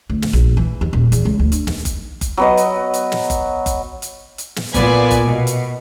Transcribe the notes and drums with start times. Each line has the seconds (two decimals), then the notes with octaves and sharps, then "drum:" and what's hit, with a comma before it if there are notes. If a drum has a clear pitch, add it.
0.10 D2
0.22 drum: snare
0.33 A#1
0.57 E3
0.81 D#2
0.93 D#1
1.12 E2, drum: hi-hat
1.25 C#2
1.39 D2
1.52 D4, drum: hi-hat
1.67 D#2, drum: snare
1.85 drum: kick F#1, hi-hat
2.21 drum: kick F#1, hi-hat
2.37 F#3 B3 D#5
2.57 drum: hi-hat
2.94 drum: hi-hat
3.12 drum: snare
3.30 drum: kick F#1, hi-hat
3.66 drum: kick F#1, hi-hat
4.02 drum: hi-hat
4.38 drum: hi-hat
4.56 drum: snare
4.74 A#2 B3 B4 D5 G#5, drum: kick F#1, hi-hat
5.11 drum: kick F#1, hi-hat
5.24 B2
5.47 drum: hi-hat